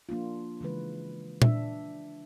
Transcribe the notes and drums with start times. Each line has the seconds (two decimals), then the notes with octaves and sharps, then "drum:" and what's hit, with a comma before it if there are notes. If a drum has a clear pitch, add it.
0.09 F3 A#3 D4 F4
0.61 C#3 E3 G#3 B4
1.42 D4 E5, drum: tom